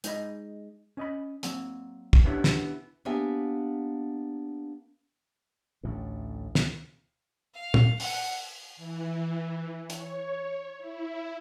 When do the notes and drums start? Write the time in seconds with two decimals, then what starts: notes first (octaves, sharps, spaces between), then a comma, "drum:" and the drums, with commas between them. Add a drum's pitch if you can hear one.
0.04 G#3 D#4 G#4 D#5 B5, drum: hi-hat
0.97 C#4 D#5 B5
1.43 F#3 A#3 C4, drum: hi-hat
2.13 drum: kick
2.25 B3 C#4 D4 E4 G4 C#5
2.44 drum: snare
3.05 A#3 B3 D4 G4 E5 G#5
5.83 A1 D2 A2
6.55 drum: snare
7.54 F5
7.74 drum: tom
8.00 F#5, drum: open hi-hat
8.77 E3
9.90 C#5, drum: hi-hat
10.78 E4